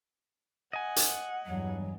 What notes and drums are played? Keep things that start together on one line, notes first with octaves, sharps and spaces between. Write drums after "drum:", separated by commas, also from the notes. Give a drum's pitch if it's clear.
D#5 F#5 G#5
drum: hi-hat
E2 G2 F#3